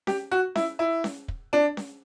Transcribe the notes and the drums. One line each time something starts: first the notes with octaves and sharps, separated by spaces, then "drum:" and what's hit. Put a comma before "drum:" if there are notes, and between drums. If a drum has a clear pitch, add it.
G4, drum: snare C#4
F#4
E4, drum: snare C#4
E4
drum: snare C#4
drum: kick
D4
drum: snare C#4